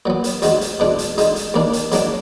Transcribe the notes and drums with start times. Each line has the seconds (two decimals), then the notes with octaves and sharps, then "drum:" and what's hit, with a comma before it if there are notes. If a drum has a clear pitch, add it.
0.06 A#2 F#3 B3
0.24 drum: hi-hat
0.42 D2 D3 G#3 D#4 F#4, drum: hi-hat
0.61 drum: hi-hat
0.80 B2 G#3 D4 F4
0.99 drum: hi-hat
1.18 D3 G#3 D#4, drum: hi-hat
1.36 drum: hi-hat
1.54 D#2 D#3 A#3 D4
1.73 drum: hi-hat
1.92 G#2 F#3 A#3 D4, drum: hi-hat